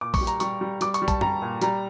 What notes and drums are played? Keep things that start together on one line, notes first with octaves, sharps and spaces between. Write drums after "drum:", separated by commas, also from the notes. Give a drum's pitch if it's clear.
A#2 D6
C#6, drum: kick, open hi-hat
G3
A#5, drum: hi-hat
G3 C#6, drum: hi-hat
G3
G3 D6, drum: hi-hat
C#6, drum: hi-hat
G3
A5, drum: kick, hi-hat
G3 A#5, drum: tom
A#2
G3 A#5, drum: hi-hat